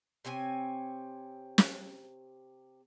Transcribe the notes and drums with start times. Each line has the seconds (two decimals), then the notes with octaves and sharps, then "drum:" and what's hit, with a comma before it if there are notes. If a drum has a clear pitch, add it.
0.25 C3 C4 C#5 G#5
1.58 drum: snare